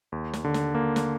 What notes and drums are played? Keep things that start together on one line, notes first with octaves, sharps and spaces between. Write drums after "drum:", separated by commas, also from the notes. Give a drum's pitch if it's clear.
D#2
drum: snare
D3
drum: snare
A#3
drum: snare